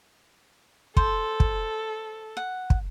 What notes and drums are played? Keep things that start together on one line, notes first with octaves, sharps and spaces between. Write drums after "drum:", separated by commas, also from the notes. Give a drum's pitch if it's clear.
A4 C5, drum: kick
drum: kick
F#5
drum: kick